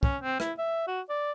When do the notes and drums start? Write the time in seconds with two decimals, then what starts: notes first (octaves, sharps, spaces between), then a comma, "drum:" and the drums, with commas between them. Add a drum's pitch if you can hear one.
0.03 C#4, drum: kick
0.22 C4
0.40 E4, drum: rim click
0.58 E5
0.87 F#4
1.09 D5